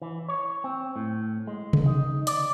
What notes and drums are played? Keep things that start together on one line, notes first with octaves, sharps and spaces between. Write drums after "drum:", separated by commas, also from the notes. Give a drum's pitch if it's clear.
E3
C#5
C4
A2
G#3
drum: tom C3
D#4
D5, drum: hi-hat